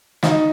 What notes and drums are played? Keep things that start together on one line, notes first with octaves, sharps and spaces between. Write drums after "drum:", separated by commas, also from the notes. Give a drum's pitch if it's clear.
D#4, drum: snare